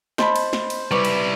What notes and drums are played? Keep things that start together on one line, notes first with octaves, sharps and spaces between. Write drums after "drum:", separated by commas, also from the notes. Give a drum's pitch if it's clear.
C5 D#5 A5 B5, drum: snare
drum: cymbal
drum: snare
drum: cymbal
G3 E4 B4 C#6 D6
drum: cymbal